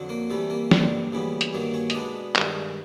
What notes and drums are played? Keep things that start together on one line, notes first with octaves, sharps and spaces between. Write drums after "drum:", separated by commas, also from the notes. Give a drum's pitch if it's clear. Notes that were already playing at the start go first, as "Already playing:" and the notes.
Already playing: F2 D3 F#3
A#3 A#4
C2 C3 E3 G3 A3 A4
A#3 A#4
G2 D3 G3 C4, drum: snare
D2 C#3 E3 G3 B3
drum: hi-hat
G2 D#3 F#3 A#3
C#4 C#5
D#5, drum: hi-hat
B2 G#3 B3 D4 D5
G2 D#3 G#3, drum: clap